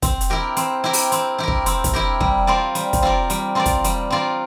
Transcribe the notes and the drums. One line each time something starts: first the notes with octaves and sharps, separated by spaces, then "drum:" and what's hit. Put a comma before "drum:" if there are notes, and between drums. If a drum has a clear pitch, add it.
C4, drum: kick, hi-hat
drum: hi-hat
E4 G4 A#4
C4, drum: hi-hat
E4 G4 A#4
drum: open hi-hat
C4, drum: hi-hat
E4 G4 A#4
drum: kick
C4, drum: hi-hat
drum: kick, hi-hat
E4 G4 A#4
G3, drum: kick
C4 F4 A#4 D5
G3, drum: hi-hat
drum: kick, hi-hat
C4 F4 A#4 D5
G3, drum: hi-hat
C4 F4 A#4 D5
drum: kick, hi-hat
G3, drum: hi-hat
C4 F4 A#4 D5